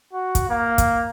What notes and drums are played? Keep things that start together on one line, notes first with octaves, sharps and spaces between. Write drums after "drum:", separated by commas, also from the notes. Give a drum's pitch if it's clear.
F#4
drum: kick, hi-hat
A#3
drum: kick, hi-hat